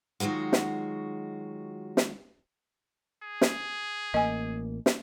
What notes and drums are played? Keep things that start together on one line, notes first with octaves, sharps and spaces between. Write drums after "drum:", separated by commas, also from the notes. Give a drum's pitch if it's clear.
D#3 F#3 G#3 F4 F#4
drum: snare
drum: snare
G#4
drum: snare
A1 A#3 D#5 G#5
drum: snare